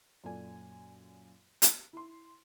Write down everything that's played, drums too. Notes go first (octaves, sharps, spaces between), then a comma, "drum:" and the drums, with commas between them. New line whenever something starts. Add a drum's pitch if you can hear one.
F#2 A#2 A4 D5 G#5
drum: hi-hat
E4 C6